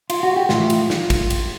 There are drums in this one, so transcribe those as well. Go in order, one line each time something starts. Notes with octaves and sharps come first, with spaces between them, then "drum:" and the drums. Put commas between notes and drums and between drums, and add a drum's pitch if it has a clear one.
F4, drum: cymbal
F#4
G4
A2 E3 F4, drum: snare
drum: cymbal
drum: snare
drum: kick A1, cymbal
drum: cymbal